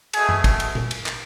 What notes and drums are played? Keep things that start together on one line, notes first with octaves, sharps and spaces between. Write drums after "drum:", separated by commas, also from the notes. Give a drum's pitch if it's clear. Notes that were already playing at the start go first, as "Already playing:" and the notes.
B2 A3 G#4, drum: cymbal
drum: tom F#2
drum: kick, cymbal
drum: cymbal
drum: tom A#2
drum: cymbal
drum: clap